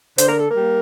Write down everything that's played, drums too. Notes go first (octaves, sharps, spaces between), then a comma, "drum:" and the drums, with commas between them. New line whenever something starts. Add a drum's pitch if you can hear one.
D3 C5, drum: hi-hat
A#4
A4
A#4
G3 A#3